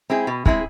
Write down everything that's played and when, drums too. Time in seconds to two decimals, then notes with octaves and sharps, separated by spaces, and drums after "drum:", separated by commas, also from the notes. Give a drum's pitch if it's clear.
0.10 G#3 C4 E4 G#4
0.27 B2
0.46 G#3 C4 E4 G#4, drum: kick